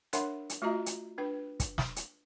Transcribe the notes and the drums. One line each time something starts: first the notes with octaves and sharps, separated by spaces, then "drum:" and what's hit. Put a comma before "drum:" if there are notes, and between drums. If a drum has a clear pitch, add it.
D4 A#4 C#5 E5 F#5 C6, drum: hi-hat
drum: hi-hat
A3 F4 F#4 D#5 E5 A#5
drum: hi-hat
D4 B4 G5
drum: kick, hi-hat
drum: snare
drum: hi-hat